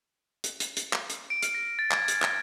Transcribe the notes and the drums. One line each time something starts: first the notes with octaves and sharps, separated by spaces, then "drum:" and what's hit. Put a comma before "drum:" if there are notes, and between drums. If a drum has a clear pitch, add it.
drum: hi-hat
drum: hi-hat
drum: hi-hat
drum: clap
drum: hi-hat
D7
F6, drum: hi-hat
A#6
A6
G#6, drum: clap
drum: hi-hat
A#6, drum: clap